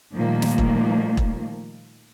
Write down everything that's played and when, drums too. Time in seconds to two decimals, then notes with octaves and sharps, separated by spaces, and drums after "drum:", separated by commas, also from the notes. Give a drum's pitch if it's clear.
0.15 A#2 D#3 F3 G3 A3 A#3
0.42 drum: snare
0.58 drum: kick E1
1.17 drum: kick E1